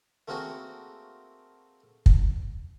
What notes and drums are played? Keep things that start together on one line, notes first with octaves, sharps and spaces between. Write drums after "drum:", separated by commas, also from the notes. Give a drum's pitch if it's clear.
A3 A#3 C4 F#4 G#4 C5
drum: kick